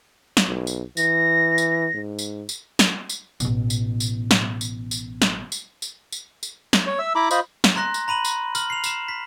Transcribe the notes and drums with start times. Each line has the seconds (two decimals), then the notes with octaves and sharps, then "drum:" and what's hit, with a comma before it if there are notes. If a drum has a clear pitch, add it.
0.37 drum: snare
0.47 B1
0.67 drum: tambourine
0.97 E3 A#6, drum: tambourine
1.58 drum: tambourine
1.94 G#2
2.19 drum: tambourine
2.49 drum: tambourine
2.79 drum: snare
3.09 drum: tambourine
3.40 A1 B2, drum: tambourine
3.70 drum: tambourine
4.00 drum: tambourine
4.31 drum: snare
4.61 drum: tambourine
4.91 drum: tambourine
5.22 drum: snare
5.52 drum: tambourine
5.82 drum: tambourine
6.12 drum: tambourine
6.43 drum: tambourine
6.73 drum: snare
6.87 C#5
6.99 E5 E6
7.15 E4 A#5 B5 D6
7.31 F4 C5 D#5 B5, drum: tambourine
7.64 drum: snare
7.76 A#5 C6 F#6 A#6
7.94 drum: tambourine
8.08 A#5 B5 D#7 F#7
8.25 drum: tambourine
8.55 F6 F#7, drum: tambourine
8.70 C7 F7
8.84 C7 E7, drum: tambourine
9.08 B6